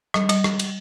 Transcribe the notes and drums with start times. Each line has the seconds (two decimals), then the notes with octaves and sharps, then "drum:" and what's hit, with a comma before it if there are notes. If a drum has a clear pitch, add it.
0.14 G3, drum: rim click
0.29 G3, drum: cymbal
0.44 drum: rim click
0.59 drum: cymbal